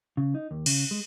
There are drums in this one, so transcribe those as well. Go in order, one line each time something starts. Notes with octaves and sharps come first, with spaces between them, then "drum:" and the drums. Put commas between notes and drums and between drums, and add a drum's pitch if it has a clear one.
C#3
D#4
D#2
C#3, drum: cymbal
G#3